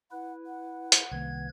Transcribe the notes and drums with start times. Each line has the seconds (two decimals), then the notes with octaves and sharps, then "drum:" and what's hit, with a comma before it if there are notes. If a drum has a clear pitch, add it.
0.12 E4 B4 F#5
0.46 F#5
0.92 drum: hi-hat
1.11 C2 D#3 A#3 B4 G#6